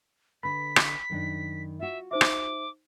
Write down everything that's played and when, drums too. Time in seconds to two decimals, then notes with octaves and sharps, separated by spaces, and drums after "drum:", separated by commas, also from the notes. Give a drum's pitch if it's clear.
0.43 D3 B4 B5 B6
0.76 drum: rim click
1.10 F#2 D#3 D4
1.80 F4 F#4 E5
2.11 D#4 C5 E5 D6
2.21 drum: rim click